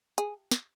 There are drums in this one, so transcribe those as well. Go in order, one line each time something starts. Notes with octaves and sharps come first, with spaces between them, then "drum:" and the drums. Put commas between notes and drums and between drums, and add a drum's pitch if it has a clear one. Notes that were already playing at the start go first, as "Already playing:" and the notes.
G#4, drum: hi-hat
drum: snare